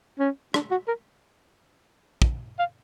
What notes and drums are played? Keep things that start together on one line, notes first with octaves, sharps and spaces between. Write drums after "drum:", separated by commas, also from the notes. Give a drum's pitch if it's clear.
C#4
D4, drum: rim click
F#4
A#4
drum: kick
F5